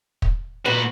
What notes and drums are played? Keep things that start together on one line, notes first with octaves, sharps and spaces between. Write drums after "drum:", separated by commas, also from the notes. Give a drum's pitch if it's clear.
drum: kick
A#2 F#4 B4